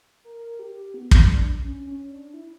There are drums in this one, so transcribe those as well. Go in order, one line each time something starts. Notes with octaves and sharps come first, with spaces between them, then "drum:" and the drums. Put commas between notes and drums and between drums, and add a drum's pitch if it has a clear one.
A#4
G4
B3
drum: kick
D4
C#4
C#4
D4
E4